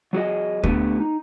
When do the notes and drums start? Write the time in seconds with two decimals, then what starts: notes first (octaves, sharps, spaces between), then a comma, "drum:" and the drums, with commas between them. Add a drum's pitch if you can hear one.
0.13 F#3 F#4 G#4 D#5
0.64 D3 A3 B3 G4 B4, drum: kick D2
1.00 D#4